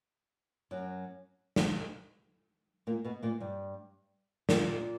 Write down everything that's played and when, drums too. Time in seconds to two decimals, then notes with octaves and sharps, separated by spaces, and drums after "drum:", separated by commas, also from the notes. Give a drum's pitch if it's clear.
0.71 F#2 F#3
1.56 drum: snare
2.87 A#2 A#3
3.05 B2 B3
3.23 A#2 A#3
3.40 G2 G3
4.49 A#2 A#3, drum: snare